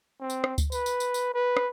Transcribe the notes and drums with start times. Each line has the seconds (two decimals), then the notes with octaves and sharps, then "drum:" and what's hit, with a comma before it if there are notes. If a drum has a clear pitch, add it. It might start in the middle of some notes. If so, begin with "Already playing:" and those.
0.20 C4
0.30 drum: tambourine
0.44 drum: rim click
0.58 drum: kick D2, tambourine
0.72 B4, drum: tambourine
0.86 drum: tambourine
1.00 drum: tambourine
1.14 drum: tambourine
1.34 B4
1.57 drum: rim click